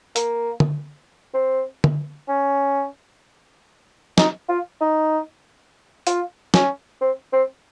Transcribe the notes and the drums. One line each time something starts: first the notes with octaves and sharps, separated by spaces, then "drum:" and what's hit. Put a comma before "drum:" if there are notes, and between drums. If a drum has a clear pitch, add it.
A#3, drum: hi-hat
drum: tom D3
C4
drum: tom D3
C#4
D#4, drum: snare
F4
D#4
F4, drum: hi-hat
C#4, drum: snare
C4
C4